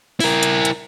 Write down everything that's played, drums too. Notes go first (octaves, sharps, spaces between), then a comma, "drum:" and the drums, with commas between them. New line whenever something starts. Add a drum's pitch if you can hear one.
E4 A#4, drum: open hi-hat
drum: hi-hat
drum: hi-hat